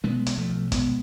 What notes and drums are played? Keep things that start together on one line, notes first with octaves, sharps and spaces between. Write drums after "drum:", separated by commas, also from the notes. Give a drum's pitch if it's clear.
B2 G#3 B3
B1, drum: hi-hat
F3 A3
B1
B2 G#3 B3, drum: kick, hi-hat